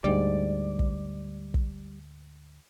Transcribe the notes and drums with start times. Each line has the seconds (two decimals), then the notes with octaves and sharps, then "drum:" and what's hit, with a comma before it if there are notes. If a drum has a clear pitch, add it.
0.04 D2 G#2 G3 D5
0.79 drum: kick
1.54 drum: kick